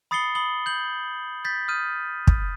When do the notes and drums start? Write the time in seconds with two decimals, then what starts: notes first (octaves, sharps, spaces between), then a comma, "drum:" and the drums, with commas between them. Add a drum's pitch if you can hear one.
0.11 B5 D#6 A6 C7 C#7 G7
0.35 B5 D#6 F#7 G7
0.66 G6 F#7
1.45 G6 A6 B6
1.68 D#6 F6 G6 D#7
2.27 drum: kick